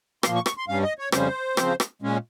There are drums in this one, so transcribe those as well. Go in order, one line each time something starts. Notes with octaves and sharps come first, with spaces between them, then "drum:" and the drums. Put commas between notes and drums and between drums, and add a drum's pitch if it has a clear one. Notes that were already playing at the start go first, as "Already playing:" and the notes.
A#2 F3 A#3 C6, drum: rim click
C#6
C#6, drum: rim click
C6
G2 G3 C#4 F5
D#5
C#5
F2 C#3 G3 C#4 C5, drum: rim click
C#3 F3 C4, drum: rim click
drum: rim click
A#2 G#3 C#4